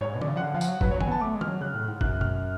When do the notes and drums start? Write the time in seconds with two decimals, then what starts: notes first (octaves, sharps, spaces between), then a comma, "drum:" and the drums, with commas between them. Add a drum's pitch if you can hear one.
0.01 G#2 C#5
0.15 B2
0.21 D3 D5, drum: tom D#3
0.28 C#3
0.36 F3 F#5
0.41 D3 F5
0.54 F3 F5
0.61 F#5, drum: tambourine
0.68 F#3
0.81 F#3 B4, drum: kick
0.91 F#3 C#5
1.01 G#5, drum: tom D#3
1.07 B3 A5
1.21 A3 D6
1.35 G#3
1.41 F6, drum: tom D#3
1.48 F#3
1.61 C#3 F#6
1.74 A2
1.88 G#2
2.01 F#2 F#6, drum: kick
2.21 F6, drum: tom B2